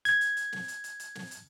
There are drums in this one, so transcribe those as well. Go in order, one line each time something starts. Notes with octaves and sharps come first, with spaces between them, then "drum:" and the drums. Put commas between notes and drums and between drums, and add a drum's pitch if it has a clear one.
G#6, drum: hi-hat
drum: hi-hat
drum: hi-hat
drum: snare
drum: hi-hat
drum: hi-hat
drum: hi-hat
drum: snare
drum: hi-hat